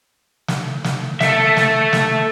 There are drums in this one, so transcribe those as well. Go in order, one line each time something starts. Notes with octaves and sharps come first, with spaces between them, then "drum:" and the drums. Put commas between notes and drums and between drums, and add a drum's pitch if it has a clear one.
drum: snare
drum: snare
A4 E5, drum: snare
drum: snare
drum: snare